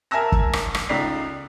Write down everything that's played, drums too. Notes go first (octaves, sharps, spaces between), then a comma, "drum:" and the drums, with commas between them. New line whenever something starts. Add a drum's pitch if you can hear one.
A#4 E5 G#5 A5 E6 A#6
drum: kick
drum: rim click
drum: rim click
C#2 D#4 D5 B6 C7